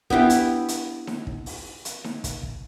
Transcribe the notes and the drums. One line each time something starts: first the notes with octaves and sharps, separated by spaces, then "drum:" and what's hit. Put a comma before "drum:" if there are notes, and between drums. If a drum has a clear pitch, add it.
B3 D4 E4 G4, drum: kick
drum: hi-hat
drum: hi-hat
drum: snare D#4
drum: kick
drum: open hi-hat
drum: hi-hat
drum: snare D#4
drum: kick, hi-hat
drum: kick